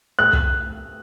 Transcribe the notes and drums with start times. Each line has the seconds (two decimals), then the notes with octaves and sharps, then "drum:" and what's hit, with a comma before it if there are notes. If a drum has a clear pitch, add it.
0.19 F#6
0.33 drum: kick